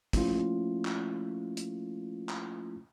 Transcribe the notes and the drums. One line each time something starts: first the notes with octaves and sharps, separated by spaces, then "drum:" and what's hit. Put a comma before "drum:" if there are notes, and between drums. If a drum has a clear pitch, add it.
F3 A3 A#3 C#4 E4 F4, drum: kick, hi-hat
drum: clap
drum: hi-hat
drum: clap